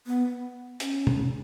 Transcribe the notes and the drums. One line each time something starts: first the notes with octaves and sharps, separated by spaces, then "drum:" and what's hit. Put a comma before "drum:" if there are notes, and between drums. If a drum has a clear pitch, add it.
B3
C#4, drum: hi-hat
drum: tom